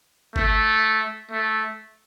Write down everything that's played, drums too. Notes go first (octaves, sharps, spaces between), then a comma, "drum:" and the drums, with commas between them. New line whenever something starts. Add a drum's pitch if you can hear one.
A3, drum: kick G1
A3